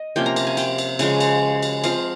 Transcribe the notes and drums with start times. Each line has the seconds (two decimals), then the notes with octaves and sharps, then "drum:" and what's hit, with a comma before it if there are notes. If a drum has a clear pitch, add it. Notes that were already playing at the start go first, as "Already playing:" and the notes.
Already playing: D#5
0.16 C3 F3 A#3 C#4 G5
0.26 A#5
0.36 A#5, drum: cymbal
0.47 G#5
0.57 G5, drum: cymbal
0.78 drum: cymbal
0.99 C#3 F3 G#3, drum: cymbal
1.20 drum: cymbal
1.62 drum: cymbal
1.84 F3 C4 F5, drum: cymbal